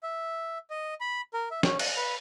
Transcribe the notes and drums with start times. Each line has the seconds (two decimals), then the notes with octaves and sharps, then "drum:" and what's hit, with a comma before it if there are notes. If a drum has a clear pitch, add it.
0.03 E5
0.70 D#5
1.01 B5
1.34 A#4
1.51 E5
1.63 C#4, drum: snare
1.79 F#6, drum: cymbal
1.97 B4